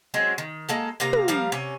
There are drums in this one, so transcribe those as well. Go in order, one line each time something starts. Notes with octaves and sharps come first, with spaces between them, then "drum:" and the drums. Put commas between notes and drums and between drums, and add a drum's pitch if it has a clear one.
F#3 G#3 C4 C#4
D#3
G#3 A#3 A4
C3 A#3 F5 A#5
drum: tom
F3 G3 A#4 F5
C3 C#4